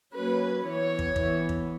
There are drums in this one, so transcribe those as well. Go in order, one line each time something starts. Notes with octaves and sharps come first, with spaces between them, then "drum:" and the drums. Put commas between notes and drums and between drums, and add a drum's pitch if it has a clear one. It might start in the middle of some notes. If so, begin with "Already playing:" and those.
F#3 A#3 C#4 B4
E3 B3 C#5
drum: kick
E3 B3, drum: kick
drum: kick